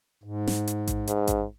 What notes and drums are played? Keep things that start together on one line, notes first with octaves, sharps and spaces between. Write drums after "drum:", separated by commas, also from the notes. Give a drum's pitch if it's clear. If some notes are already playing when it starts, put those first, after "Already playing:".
G#2
drum: snare
drum: hi-hat
drum: kick A1, hi-hat
G#2, drum: hi-hat
drum: kick A1, hi-hat